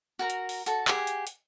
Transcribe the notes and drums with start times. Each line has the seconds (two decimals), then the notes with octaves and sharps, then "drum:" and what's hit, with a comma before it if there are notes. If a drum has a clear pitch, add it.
0.19 F#4 A#4 A#5
0.30 drum: hi-hat
0.49 drum: open hi-hat
0.66 F#4 A4 A5, drum: hi-hat
0.88 G4 G#4 F#5 G#5, drum: clap
1.07 drum: hi-hat
1.27 drum: hi-hat